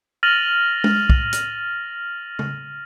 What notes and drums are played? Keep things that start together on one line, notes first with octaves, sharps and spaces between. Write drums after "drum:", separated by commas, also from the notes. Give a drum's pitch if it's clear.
F6 A6 A#6 D#7 F7 F#7
drum: tom G#3
drum: kick
drum: hi-hat
drum: tom C#3